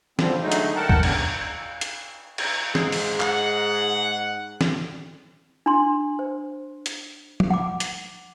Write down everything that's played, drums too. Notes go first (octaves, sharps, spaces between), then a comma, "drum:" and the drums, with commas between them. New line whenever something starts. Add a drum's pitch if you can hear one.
D3 F3 G3 C4, drum: snare
D3 F#3 G#3 A3 D#4
drum: hi-hat
A#4 F#5 G5 A5
drum: kick C#2
C#3 B3 D4, drum: cymbal
drum: hi-hat
drum: cymbal
G#2 G#3, drum: snare
drum: open hi-hat
F#5, drum: clap
drum: snare
D4 C6
C5
drum: hi-hat
drum: tom
F#5 D6
drum: hi-hat